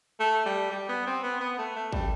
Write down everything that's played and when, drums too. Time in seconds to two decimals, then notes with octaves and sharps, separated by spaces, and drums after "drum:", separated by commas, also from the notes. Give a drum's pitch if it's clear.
0.20 A3
0.46 G3
0.71 G3
0.89 B3
1.06 C4
1.23 B3
1.40 B3
1.58 A3
1.76 A3
1.93 G3, drum: kick G#1